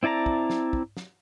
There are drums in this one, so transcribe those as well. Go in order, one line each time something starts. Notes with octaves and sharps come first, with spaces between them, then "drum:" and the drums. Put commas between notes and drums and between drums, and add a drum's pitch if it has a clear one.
C4 E4 D5 A5 A#5
drum: kick
drum: snare
drum: kick
drum: snare